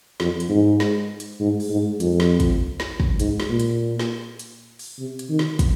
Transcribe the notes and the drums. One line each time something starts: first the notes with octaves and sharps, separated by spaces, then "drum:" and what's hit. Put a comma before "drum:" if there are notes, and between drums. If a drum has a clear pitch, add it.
F2, drum: snare
drum: hi-hat
G#2
drum: snare
drum: hi-hat
G#2
drum: open hi-hat
G#2
F2, drum: hi-hat
drum: snare
drum: kick, hi-hat
drum: snare
drum: kick
G#2, drum: hi-hat
drum: snare
A#2
drum: hi-hat
drum: snare
drum: hi-hat
drum: open hi-hat
C3
drum: hi-hat
D#3
drum: snare
drum: kick, hi-hat